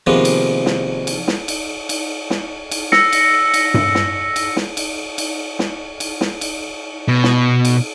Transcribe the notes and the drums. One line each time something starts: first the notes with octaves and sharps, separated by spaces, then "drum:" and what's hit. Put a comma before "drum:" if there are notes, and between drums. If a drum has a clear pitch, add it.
C3 D#3 F3 G#3 A#3 B3
drum: cymbal
drum: snare
drum: cymbal
drum: snare
drum: cymbal
drum: cymbal
drum: snare
drum: cymbal
E6 A#6 C#7, drum: snare
drum: cymbal
drum: cymbal
drum: tom G2
drum: snare
drum: cymbal
drum: snare
drum: cymbal
drum: cymbal
drum: snare
drum: cymbal
drum: snare
drum: cymbal
B2
drum: snare
drum: cymbal